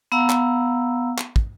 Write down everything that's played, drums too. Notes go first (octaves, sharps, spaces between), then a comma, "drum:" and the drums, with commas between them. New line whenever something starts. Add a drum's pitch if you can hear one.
B3 F5 F#5 A#5 E6
drum: clap
drum: clap
drum: kick